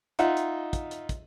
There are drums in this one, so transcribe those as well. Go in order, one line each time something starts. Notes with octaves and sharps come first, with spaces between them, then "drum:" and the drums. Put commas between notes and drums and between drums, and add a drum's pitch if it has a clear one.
D#4 F4 D#5 E5 F#5, drum: hi-hat
drum: hi-hat
drum: kick, hi-hat
drum: hi-hat
drum: kick, hi-hat